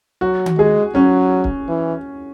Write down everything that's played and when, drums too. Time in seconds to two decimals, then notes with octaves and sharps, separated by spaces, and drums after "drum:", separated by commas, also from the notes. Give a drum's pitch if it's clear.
0.21 F#3 F#4
0.46 drum: tom D#3
0.58 G#3 G#4
0.95 F#3 C#4
1.44 drum: kick
1.68 E3